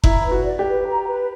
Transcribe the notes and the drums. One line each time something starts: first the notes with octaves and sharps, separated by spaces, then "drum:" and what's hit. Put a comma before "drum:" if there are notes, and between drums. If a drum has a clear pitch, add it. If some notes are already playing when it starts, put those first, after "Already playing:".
E4 A#5, drum: kick F#1
B4
F#4
D5
G4
B4
A#5
B4